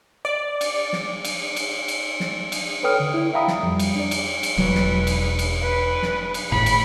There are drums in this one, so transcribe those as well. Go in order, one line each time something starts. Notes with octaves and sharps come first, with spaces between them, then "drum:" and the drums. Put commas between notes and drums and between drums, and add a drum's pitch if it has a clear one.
D5
drum: cymbal
drum: snare
drum: cymbal
drum: cymbal
drum: cymbal
drum: snare
drum: cymbal
A4 B4 C#5 G5 D#6 F6
D3
E4
E5 F5 G5 A#5 B5 D#6
drum: snare
F2 G3
drum: cymbal
D4 D5
drum: cymbal
drum: cymbal
E1 F#3 B4
drum: snare
drum: cymbal
drum: cymbal
B4
drum: snare
drum: cymbal
G#1 A2 B5
drum: cymbal